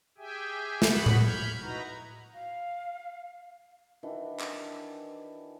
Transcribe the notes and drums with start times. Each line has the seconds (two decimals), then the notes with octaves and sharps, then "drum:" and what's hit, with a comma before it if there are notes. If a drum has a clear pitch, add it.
0.18 G4 G#4 E5 G5 G#5
0.82 F#4 G#4 B4 F#5 B5, drum: snare
1.06 drum: tom A2
1.23 B5 F6 G6 G#6
1.61 D#4 E4 F#4 B4 A#5
2.34 F5
4.03 D#3 E3 D4 F#4
4.40 drum: clap